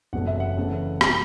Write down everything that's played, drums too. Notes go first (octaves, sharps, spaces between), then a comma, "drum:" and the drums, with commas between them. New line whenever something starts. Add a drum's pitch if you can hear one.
F#1 E2 C3 F#3 A3 F#5
E5
F#5
E2 C#3 E3 A3 C4
C3 E3 G#3, drum: rim click